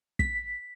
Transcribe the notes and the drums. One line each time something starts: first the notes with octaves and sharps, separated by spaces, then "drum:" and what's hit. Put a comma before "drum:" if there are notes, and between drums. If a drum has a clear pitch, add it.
B6, drum: kick